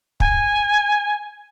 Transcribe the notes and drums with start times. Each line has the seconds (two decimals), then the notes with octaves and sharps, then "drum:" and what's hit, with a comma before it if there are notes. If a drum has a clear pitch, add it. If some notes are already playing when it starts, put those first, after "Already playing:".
0.20 G#5, drum: kick